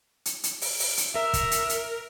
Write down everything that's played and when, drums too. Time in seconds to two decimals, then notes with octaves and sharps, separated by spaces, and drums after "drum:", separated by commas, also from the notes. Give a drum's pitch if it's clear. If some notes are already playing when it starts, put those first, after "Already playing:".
0.25 drum: hi-hat
0.43 drum: hi-hat
0.61 drum: open hi-hat
0.79 drum: open hi-hat
0.97 drum: hi-hat
1.15 A#4 E5
1.33 drum: kick, hi-hat
1.51 drum: hi-hat
1.69 drum: hi-hat